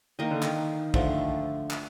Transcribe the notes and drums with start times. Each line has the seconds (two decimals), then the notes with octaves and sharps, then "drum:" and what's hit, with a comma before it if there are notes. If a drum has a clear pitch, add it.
0.19 D#3 A#3 D#4 A#4 D#5
0.31 D3
0.42 D#3, drum: clap
0.94 D3 F3 A3 D4, drum: kick
1.70 drum: clap